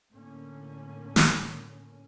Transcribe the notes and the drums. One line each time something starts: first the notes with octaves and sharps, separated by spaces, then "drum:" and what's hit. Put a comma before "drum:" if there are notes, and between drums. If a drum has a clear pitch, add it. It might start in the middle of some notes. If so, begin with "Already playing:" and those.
A2 D3 A#3 B3 C#4
drum: snare